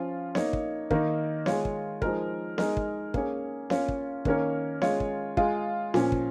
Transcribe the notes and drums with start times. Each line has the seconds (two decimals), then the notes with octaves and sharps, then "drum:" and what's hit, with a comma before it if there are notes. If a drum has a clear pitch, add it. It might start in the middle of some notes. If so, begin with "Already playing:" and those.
Already playing: F3 C#4 F4
0.35 A#3 D#4 C#5, drum: snare B3
0.53 drum: kick
0.91 D#3 A#3 D#4 A#4, drum: kick
1.46 G#3 F4 C#5, drum: snare B3
1.65 drum: kick
2.02 F3 G#3 D#4 A#4, drum: kick
2.58 G#3 D#4 A#4, drum: snare B3
2.77 drum: kick
3.14 A#3 C#4 G#4 C#5, drum: kick
3.70 A#3 C#4 F4 C#5, drum: snare B3
3.88 drum: kick
4.25 D#3 A#3 C#4 A#4 C#5, drum: kick
4.82 G#3 C#4 F4 C#5, drum: snare B3
5.00 drum: kick
5.37 G#3 F4 G#4, drum: kick
5.94 A#2 F3 C#4, drum: snare B3
6.12 drum: kick